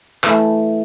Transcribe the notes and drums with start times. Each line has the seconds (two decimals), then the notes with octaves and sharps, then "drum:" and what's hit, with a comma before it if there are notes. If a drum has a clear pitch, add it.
0.24 E3 A3 E4, drum: clap